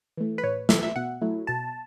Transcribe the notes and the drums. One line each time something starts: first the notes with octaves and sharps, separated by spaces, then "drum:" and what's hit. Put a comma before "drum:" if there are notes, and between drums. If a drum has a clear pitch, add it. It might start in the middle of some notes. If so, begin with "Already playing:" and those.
E3 A3
B4
A2 C#5
E3 A3 E5, drum: snare
E5
B2 F#5
F#3 A3 E4
B2 A5